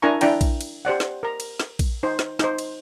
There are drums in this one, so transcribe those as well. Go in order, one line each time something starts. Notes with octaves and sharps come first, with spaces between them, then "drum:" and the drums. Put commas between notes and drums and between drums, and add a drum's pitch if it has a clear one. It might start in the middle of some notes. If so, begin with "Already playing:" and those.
D4 E4 A#4 G#5 A#5 C#6
D4 E4 D5 G5 A#5, drum: cymbal
drum: kick A#1, cymbal
drum: cymbal
G4 C5 D5 F#5
drum: snare
A#4 A#5
drum: cymbal
drum: snare
drum: kick A#1, cymbal
D#4 C5
drum: snare
D#4 C5, drum: snare
drum: cymbal